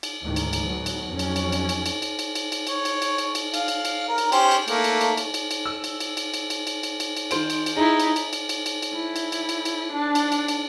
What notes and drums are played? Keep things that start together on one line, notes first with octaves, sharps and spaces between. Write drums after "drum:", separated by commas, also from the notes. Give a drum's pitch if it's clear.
drum: cymbal
D2 G#2 D#3 E3
drum: cymbal
drum: cymbal
A2 F#3 B3
drum: cymbal
F2 F#3 C#4
drum: cymbal
drum: cymbal
drum: cymbal
drum: cymbal
drum: cymbal
drum: cymbal
drum: cymbal
drum: cymbal
drum: cymbal
C#5, drum: cymbal
drum: cymbal
drum: cymbal
drum: cymbal
drum: cymbal
F5, drum: cymbal
drum: cymbal
drum: cymbal
A#4
drum: cymbal
C#4 G4 C5, drum: cymbal
drum: cymbal
A3 A#3, drum: cymbal
drum: cymbal
drum: cymbal
drum: cymbal
drum: cymbal
drum: cymbal
E6
drum: cymbal
drum: cymbal
drum: cymbal
drum: cymbal
drum: cymbal
drum: cymbal
drum: cymbal
drum: cymbal
drum: cymbal
D#3 C5 D7, drum: cymbal
drum: cymbal
drum: cymbal
D#4 E4 G#4
drum: cymbal
drum: cymbal
drum: cymbal
drum: cymbal
drum: cymbal
drum: cymbal
E4
drum: cymbal
drum: cymbal
drum: cymbal
drum: cymbal
D4
drum: cymbal
drum: cymbal
drum: cymbal